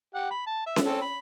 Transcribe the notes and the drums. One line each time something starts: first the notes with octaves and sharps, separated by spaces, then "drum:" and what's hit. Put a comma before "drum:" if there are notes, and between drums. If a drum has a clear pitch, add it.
G4 F#5
B5
A5
E5
drum: snare C#4
C4 C#4 A4
B5